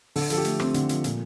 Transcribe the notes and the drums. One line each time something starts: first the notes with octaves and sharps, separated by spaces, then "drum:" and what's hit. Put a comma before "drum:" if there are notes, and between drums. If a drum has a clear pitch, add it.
D3 A4, drum: open hi-hat
F3 A4, drum: hi-hat
G4
A3, drum: hi-hat
C4, drum: rim click
D3, drum: hi-hat
F3, drum: hi-hat
A#2, drum: hi-hat